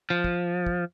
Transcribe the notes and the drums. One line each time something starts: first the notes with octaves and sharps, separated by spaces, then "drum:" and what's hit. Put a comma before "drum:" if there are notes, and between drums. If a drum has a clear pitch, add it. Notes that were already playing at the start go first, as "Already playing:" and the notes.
F3
drum: kick
drum: kick